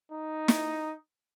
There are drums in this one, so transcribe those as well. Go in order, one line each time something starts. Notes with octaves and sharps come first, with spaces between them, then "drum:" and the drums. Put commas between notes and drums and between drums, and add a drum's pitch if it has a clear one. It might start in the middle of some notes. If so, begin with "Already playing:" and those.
D#4
drum: snare